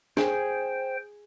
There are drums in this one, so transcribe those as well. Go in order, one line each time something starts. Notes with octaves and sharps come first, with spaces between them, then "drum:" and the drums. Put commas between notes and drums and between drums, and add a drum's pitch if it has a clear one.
G#4 C5 G5, drum: snare